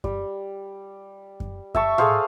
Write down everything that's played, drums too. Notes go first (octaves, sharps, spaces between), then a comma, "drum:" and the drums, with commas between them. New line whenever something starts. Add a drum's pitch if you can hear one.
G3, drum: kick F#2
drum: kick F#2
E5 A5 C#6, drum: kick F#2
G#4 A4 C5 F5, drum: tom A2